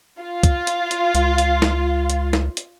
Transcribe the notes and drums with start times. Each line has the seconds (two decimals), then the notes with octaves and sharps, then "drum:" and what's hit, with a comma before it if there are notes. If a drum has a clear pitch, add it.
0.21 F4
0.43 drum: kick C2, hi-hat
0.67 drum: hi-hat
0.91 drum: hi-hat
1.15 C#2, drum: hi-hat
1.38 drum: hi-hat
1.62 drum: snare
2.10 drum: hi-hat
2.33 drum: snare
2.57 drum: hi-hat